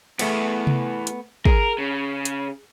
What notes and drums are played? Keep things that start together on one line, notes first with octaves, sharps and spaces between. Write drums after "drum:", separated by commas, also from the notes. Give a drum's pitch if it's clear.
E2 A3 B3, drum: cymbal
drum: tom C3
drum: hi-hat
G#4 A#4, drum: kick
C#3
drum: hi-hat